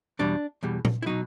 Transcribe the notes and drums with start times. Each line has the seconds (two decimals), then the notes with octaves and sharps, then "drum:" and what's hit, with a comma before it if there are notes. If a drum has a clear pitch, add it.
0.19 E2 B2 G3 D4
0.63 E2 B2 G3
0.85 drum: tom A#2
1.02 E4
1.06 B2 F#3 D#4